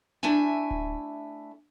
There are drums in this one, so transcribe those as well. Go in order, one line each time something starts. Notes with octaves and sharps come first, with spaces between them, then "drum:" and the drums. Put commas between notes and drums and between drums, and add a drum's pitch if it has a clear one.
A3 D4 E4 E5 G#5
drum: kick D1